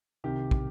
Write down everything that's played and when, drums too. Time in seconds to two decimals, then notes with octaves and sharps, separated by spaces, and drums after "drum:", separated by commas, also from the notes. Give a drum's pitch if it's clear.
0.24 C2 C3 D#3 G4
0.51 drum: kick